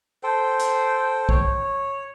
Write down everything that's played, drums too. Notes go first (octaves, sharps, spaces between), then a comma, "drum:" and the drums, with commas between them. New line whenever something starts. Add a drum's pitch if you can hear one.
A4 C5 G5
drum: hi-hat
C#5, drum: kick